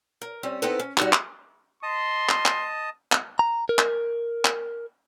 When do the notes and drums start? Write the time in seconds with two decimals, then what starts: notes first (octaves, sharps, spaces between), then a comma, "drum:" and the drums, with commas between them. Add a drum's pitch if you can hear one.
0.22 A#4
0.43 G3 C4 C#4
0.62 B3 C4 D#4 E4 A4 B4
0.79 C#4
0.97 G3 D#4 F#4, drum: clap
1.13 drum: clap
1.83 D#5 A5 C6 D#6
2.29 drum: clap
2.46 drum: clap
3.12 drum: clap
3.39 A#5
3.69 A#4
3.78 drum: clap
4.45 drum: clap